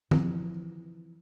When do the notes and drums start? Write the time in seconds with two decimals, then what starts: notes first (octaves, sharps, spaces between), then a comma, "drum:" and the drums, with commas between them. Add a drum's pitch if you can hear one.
0.11 E3 F3, drum: tom